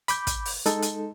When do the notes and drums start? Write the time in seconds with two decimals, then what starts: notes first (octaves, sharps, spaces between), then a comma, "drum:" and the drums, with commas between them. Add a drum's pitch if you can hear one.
0.08 B5 D6 G6, drum: hi-hat
0.27 drum: kick, hi-hat
0.45 drum: open hi-hat
0.66 G#3 D#4 A4, drum: hi-hat
0.83 drum: hi-hat